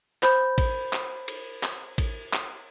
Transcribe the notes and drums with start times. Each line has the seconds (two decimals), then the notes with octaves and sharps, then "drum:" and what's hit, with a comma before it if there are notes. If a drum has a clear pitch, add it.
0.23 C5 B5 G6, drum: clap
0.58 drum: kick A1, cymbal
0.93 drum: clap
1.28 drum: cymbal
1.63 drum: clap
1.98 drum: kick A1, cymbal
2.33 drum: clap